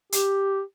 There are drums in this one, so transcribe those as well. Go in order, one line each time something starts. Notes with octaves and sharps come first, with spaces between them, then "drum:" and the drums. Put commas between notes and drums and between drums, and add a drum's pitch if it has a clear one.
G4, drum: hi-hat